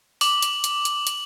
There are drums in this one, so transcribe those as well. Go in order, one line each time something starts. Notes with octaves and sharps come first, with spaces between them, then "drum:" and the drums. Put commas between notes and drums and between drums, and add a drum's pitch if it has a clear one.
D6 F#7, drum: open hi-hat
drum: hi-hat
drum: hi-hat
drum: hi-hat
drum: hi-hat